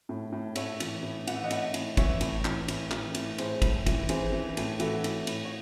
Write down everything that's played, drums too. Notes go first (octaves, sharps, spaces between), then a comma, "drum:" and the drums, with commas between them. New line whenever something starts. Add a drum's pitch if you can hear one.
A2
A2
A2 C#5 E5, drum: cymbal
E3, drum: cymbal
A2
E3 F#5, drum: cymbal
E5
D#5 F#5
A2, drum: cymbal
A2, drum: cymbal
E3 C#5 E5, drum: kick G1, cymbal
A2, drum: cymbal
E3, drum: clap
A2, drum: cymbal
E3, drum: clap
A2, drum: cymbal
A2 G#4 C5, drum: cymbal
A2, drum: kick G1, cymbal
E3, drum: kick G1, cymbal
E3 G#4 C5, drum: cymbal
E3
A2, drum: cymbal
E3 F#4 A4, drum: cymbal
A2, drum: cymbal
A2, drum: cymbal
C#5